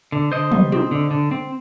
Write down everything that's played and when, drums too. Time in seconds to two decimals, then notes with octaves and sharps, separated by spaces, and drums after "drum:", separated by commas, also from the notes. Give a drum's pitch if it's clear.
0.12 D3
0.32 D3 C5 D#5
0.52 G3, drum: tom
0.72 C4, drum: tom
0.91 D3
1.11 D3
1.31 C4